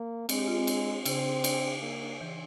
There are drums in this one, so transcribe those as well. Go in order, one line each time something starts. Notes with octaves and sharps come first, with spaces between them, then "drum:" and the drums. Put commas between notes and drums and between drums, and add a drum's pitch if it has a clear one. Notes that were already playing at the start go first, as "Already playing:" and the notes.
Already playing: A#3
G#3 C4, drum: cymbal
G4
F4
C4
drum: cymbal
C#3 C4, drum: cymbal
drum: cymbal
A#3
E3